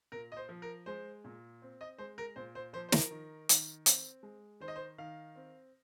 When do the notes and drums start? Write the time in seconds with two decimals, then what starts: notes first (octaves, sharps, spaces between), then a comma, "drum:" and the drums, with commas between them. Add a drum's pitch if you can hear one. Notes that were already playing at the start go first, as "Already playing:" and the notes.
0.12 A#2 A#4
0.32 D#5
0.37 C5
0.49 F3
0.62 A#4
0.86 G#3 C5
1.24 A#2
1.62 C4
1.81 D#5
1.98 G#3 C5
2.18 A#4
2.36 A#2 C5
2.55 C5
2.73 F3 C5
2.89 C5
2.92 A#4, drum: snare
3.11 D#3
3.49 D#3, drum: hi-hat
3.86 C4, drum: hi-hat
4.23 G#3
4.60 D#3 C5
4.68 D#5
4.76 C5
4.98 D#3 F5
5.36 C4